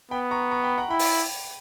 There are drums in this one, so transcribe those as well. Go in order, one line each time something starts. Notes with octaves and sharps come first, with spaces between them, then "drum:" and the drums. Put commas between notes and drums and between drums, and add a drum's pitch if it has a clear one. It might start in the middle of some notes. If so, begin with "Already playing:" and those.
B3 G5 B5
A#5 C#6
A#5 C#6
G5 B5
F#5 A#5
E4 G5 B5
drum: open hi-hat